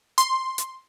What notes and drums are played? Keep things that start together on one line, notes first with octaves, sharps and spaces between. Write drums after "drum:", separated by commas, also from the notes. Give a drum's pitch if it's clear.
C6, drum: hi-hat
drum: hi-hat